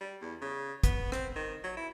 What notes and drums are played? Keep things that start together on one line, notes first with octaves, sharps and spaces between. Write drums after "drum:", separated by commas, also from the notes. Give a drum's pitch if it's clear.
G3
E2
C#3
B3, drum: kick, hi-hat
C4, drum: rim click
D#3
F#3
E4